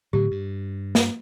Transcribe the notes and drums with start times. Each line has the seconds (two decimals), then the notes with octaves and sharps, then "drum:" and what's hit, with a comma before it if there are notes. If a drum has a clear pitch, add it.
0.13 A2 D3 F#3 G4
0.31 G2
0.95 drum: snare